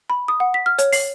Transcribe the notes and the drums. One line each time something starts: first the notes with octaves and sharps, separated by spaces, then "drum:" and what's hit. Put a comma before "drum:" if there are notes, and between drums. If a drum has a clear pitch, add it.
B5
D#6
F#5
B6
F6
C#5, drum: hi-hat
C7, drum: open hi-hat